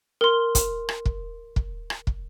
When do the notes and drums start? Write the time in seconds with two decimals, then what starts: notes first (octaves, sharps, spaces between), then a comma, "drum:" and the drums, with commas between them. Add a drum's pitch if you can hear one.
0.21 A#4 C6
0.55 drum: kick, hi-hat
0.89 drum: rim click
1.05 drum: kick
1.56 drum: kick
1.90 drum: rim click
2.07 drum: kick